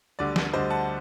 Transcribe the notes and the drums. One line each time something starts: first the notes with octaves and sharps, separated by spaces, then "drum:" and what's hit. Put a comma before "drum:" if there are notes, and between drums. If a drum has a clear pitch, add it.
D2 D3 G3 D5
drum: snare
D2 D3 G3 C5 D#5
F#5 A5